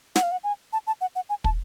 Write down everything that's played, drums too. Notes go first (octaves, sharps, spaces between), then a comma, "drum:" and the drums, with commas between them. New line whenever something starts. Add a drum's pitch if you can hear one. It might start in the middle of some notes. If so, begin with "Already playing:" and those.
F#5, drum: snare
F5
F#5
G#5
A5
A5
F#5
F#5
G#5
A5, drum: kick